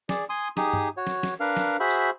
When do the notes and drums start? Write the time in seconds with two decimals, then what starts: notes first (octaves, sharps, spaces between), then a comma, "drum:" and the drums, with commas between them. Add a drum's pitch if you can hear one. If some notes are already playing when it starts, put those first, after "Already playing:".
0.09 G#4 D5, drum: snare
0.29 G#5 C6 D#6
0.57 D#4 G4 G#4 D#6, drum: snare
0.73 drum: tom G2
0.97 F#4 C#5
1.07 drum: snare
1.23 drum: snare
1.40 D4 A#4 B4 F5
1.57 drum: snare
1.80 F#4 G#4 C5 E5 B5
1.90 drum: tambourine